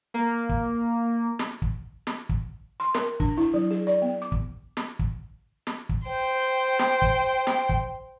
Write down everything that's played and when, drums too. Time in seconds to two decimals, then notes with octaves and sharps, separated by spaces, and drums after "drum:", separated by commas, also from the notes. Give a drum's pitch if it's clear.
0.14 A#3
0.49 drum: kick
1.39 drum: snare
1.62 drum: kick
2.07 drum: snare
2.29 drum: kick
2.80 C6
2.95 A#4, drum: snare
3.20 D4, drum: kick
3.38 E4
3.54 F#3
3.71 G#4
3.87 D5
4.02 B3
4.22 D6
4.32 drum: kick
4.77 drum: snare
4.99 drum: kick
5.67 drum: snare
5.89 drum: kick
6.06 C5 G5
6.79 drum: snare
7.02 drum: kick
7.47 drum: snare
7.69 drum: kick